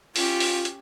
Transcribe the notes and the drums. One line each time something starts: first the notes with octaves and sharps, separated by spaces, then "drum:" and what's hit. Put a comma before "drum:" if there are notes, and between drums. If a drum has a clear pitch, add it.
C#4 F4 G4, drum: open hi-hat
drum: open hi-hat
drum: hi-hat